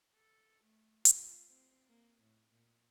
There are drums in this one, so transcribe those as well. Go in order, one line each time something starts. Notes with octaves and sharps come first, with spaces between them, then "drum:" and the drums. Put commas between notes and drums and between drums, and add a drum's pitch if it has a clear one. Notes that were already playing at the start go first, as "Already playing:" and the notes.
A4
A3
F4, drum: hi-hat
C4
A#3
A2
A#2